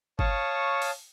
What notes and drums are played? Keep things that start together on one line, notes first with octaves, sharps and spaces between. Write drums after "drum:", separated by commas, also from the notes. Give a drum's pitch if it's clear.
C#5 F5 A5 C#6 D#6, drum: kick G1
drum: open hi-hat